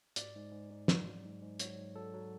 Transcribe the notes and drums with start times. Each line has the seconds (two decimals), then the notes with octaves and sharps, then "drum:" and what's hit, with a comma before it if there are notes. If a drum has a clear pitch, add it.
0.16 G#2 D5, drum: hi-hat
0.35 G#2
0.52 G#2
0.70 G#2
0.88 G#2, drum: snare
1.07 F#3
1.24 G#2
1.42 G#2
1.59 F#3 C#5, drum: hi-hat
1.78 G#2
1.96 F#3 A4
2.13 F#3